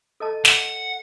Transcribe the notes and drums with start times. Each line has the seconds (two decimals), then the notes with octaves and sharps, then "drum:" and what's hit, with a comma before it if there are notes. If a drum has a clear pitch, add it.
0.20 A4 D#5 A5
0.45 F#5, drum: snare